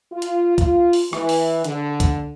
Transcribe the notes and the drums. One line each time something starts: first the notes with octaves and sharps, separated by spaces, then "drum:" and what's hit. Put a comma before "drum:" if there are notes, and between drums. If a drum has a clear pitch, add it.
F4
drum: hi-hat
F4, drum: kick, hi-hat
drum: open hi-hat
E3, drum: rim click
drum: open hi-hat
D3, drum: hi-hat
drum: kick, hi-hat